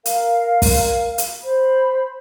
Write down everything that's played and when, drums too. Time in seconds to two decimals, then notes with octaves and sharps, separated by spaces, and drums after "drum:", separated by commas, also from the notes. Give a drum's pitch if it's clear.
0.06 A#4 F5, drum: hi-hat
0.62 drum: kick, open hi-hat
1.18 drum: hi-hat
1.44 C5 B5